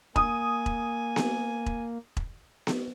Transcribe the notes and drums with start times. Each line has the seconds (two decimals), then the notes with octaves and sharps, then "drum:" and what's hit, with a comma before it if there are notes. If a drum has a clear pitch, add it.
0.16 A#3 G#5 D#6, drum: kick E1
0.66 drum: kick E1
1.16 drum: snare B3
1.66 drum: kick E1
2.17 drum: kick E1
2.67 drum: snare B3